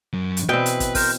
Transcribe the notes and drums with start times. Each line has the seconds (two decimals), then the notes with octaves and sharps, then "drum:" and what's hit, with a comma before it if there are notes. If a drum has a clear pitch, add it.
0.13 F#2
0.37 drum: hi-hat
0.49 B2 E3 C4 B4 G5
0.66 drum: hi-hat
0.80 drum: kick, hi-hat
0.95 A#4 C5, drum: kick, open hi-hat